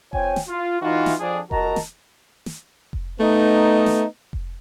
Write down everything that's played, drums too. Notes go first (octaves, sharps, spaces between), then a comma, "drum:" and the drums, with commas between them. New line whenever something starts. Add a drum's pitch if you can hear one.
C4 F4 C#5 G5 G#5, drum: kick F1
drum: snare
F4
E3 D#4 F4 F#4
drum: snare
F2 F3 D4 G#4
C#2 F#4 A#4 D#5 A5 A#5, drum: kick F1
drum: snare
drum: snare
drum: kick F1
A3 B3 D#4
drum: snare
drum: kick F1